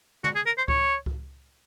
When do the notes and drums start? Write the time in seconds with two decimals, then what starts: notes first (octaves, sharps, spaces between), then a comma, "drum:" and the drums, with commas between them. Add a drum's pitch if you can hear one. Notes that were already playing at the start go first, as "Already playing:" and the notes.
0.24 F#4, drum: tom
0.36 G#4
0.46 A#4
0.57 C5
0.68 C#5, drum: kick C#2
1.06 drum: kick C#2